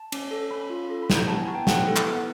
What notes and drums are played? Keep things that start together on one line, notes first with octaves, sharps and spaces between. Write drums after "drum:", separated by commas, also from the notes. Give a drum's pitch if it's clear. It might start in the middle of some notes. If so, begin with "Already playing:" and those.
Already playing: A5
C#4, drum: cymbal
A4
C#4 B5
F4
A4
B5
E4, drum: snare
A#5
B3 A5
G#5
B3
G5
E4 F#5, drum: snare
A4
drum: clap
B3